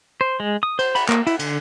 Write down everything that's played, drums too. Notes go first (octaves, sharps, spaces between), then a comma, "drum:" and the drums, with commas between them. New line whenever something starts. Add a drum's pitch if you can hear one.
C5
G#3
D#6
C5, drum: cymbal
B5, drum: cymbal
A#3, drum: clap
E4, drum: cymbal
D3, drum: cymbal